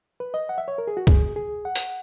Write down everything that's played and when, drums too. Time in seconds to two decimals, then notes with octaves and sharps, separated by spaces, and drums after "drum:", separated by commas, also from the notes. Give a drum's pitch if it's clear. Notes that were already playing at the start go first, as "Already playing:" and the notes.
0.20 B4
0.34 D#5
0.49 F#5
0.58 E5
0.68 C#5
0.78 A#4
0.87 G#4
0.97 F#4
1.07 G#4, drum: kick
1.36 G#4
1.65 F#5
1.76 drum: hi-hat